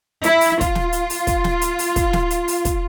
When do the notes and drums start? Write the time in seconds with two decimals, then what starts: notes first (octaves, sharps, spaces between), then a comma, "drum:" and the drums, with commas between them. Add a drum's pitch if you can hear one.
0.24 E4, drum: hi-hat
0.41 drum: open hi-hat
0.61 F4, drum: kick, hi-hat
0.75 drum: snare
0.92 drum: hi-hat
1.10 drum: open hi-hat
1.27 drum: kick, hi-hat
1.44 drum: snare
1.61 drum: hi-hat
1.79 drum: open hi-hat
1.96 drum: kick, hi-hat
2.13 drum: snare
2.30 drum: hi-hat
2.48 drum: open hi-hat
2.65 drum: kick, hi-hat